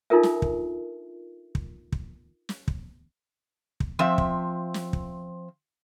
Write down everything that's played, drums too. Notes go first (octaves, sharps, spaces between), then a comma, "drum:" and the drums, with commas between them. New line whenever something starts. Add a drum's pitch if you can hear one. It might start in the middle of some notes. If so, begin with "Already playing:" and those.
D4 D#4 F4 A4 A#4 E5
drum: snare
drum: kick
drum: kick
drum: kick
drum: snare
drum: kick
drum: kick
F3 C4 E5
drum: kick
drum: snare
drum: kick